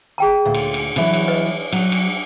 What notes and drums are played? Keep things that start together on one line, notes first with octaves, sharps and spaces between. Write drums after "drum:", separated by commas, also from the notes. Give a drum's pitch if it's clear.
G#4 G5 A#5
D2 A#2
drum: cymbal
drum: cymbal
D3 E3 F#3, drum: cymbal
drum: cymbal
B4 D#5
F#3, drum: cymbal
drum: cymbal